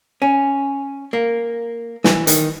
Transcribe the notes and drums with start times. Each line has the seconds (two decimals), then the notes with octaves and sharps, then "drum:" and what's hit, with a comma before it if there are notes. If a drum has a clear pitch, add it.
0.22 C#4
1.13 A#3
2.04 E3, drum: snare
2.27 D#3, drum: hi-hat